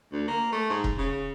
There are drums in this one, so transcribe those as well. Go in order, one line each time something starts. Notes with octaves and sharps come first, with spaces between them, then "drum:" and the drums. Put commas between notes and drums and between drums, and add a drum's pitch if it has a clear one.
D2
A#3
A3
G#2
drum: kick E1
C#3